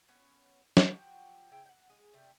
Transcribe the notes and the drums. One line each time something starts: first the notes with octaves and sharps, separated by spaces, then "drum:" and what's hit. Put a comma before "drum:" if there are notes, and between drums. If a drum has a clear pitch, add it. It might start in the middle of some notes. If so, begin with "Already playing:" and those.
B3 C#4 C#5
drum: snare
F3 F#3 F#4 G4
C#3 G#3 E4 G5
F#5 G5
G#3 G#4
C3 G3 A3